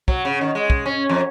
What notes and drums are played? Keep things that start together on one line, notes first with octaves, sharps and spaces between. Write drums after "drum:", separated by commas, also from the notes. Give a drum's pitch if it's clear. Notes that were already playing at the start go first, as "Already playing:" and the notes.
F#3, drum: kick
C#3
D#3
G#3
drum: kick
C#4
F2